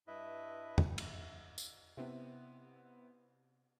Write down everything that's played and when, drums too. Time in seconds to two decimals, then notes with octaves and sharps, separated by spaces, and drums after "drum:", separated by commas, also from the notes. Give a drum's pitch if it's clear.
0.07 G2 E4 B4 D#5 E5
0.78 drum: tom E2
0.98 E5, drum: cymbal
1.58 drum: tambourine
1.97 C3 B3 C4 E4